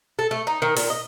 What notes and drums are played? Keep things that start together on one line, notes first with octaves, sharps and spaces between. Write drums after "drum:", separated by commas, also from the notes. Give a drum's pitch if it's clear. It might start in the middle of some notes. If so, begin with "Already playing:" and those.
A4
A3
D#4
D#3
A#2, drum: open hi-hat
D#5